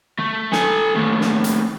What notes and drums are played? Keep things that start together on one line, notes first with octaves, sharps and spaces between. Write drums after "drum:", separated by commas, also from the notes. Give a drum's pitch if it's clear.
A3
A4 G#5, drum: snare
D#2 A2
drum: snare
drum: hi-hat